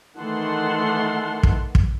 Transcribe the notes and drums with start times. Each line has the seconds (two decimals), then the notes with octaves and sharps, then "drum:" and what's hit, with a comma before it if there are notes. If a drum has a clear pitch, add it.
0.18 D#3 E3 A3 F#5 A5 C6
1.43 drum: kick
1.75 drum: kick